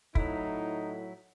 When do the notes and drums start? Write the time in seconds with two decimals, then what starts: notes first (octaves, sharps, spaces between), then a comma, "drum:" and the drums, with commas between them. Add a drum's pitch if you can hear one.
0.15 A2 F#3 D#4 E4, drum: kick